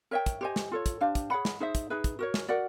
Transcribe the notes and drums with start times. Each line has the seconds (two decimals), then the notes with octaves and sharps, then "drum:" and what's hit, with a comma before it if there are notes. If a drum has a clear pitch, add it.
0.11 A#4 C#5 E5 G5
0.26 drum: kick, hi-hat
0.41 G4 C5 D#5 G#5
0.56 drum: snare
0.71 F4 A4 C#5
0.86 drum: kick, hi-hat
1.01 D4 G4 C5 F5
1.15 drum: kick, hi-hat
1.30 G#4 C#5 F#5 B5
1.45 drum: snare
1.60 D#4 G#4 C5 E5
1.75 drum: kick, hi-hat
1.90 D#4 G#4 B4 E5
2.04 drum: kick, hi-hat
2.19 F#4 A#4 C#5
2.34 drum: snare
2.48 F#4 A#4 D5 F#5